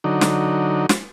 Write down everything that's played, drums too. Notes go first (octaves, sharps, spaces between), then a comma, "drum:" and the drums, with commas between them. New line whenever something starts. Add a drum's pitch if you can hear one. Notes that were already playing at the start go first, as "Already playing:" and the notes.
D3 F#3 D#4
drum: snare
drum: snare